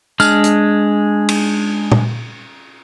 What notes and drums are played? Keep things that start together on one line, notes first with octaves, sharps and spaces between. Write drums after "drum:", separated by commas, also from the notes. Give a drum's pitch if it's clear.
G#3 D4 F6, drum: tambourine
drum: hi-hat
drum: cymbal
drum: tom